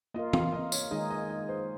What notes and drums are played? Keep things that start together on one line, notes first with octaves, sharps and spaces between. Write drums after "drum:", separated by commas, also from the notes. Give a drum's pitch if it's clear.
A#3 F4 A#4 D#5
F5, drum: tom
D#5
C#5, drum: tambourine
D#3 G#3 D#4 G#4 D#5
D#5
D#5
C5